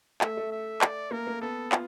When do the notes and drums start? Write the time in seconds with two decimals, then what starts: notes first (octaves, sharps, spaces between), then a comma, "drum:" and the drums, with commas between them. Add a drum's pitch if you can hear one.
0.21 A3 E5, drum: clap
0.37 A3
0.52 E5
0.81 D5, drum: clap
1.11 A#3 A#4
1.27 A#3
1.41 B3 A4
1.72 F4, drum: clap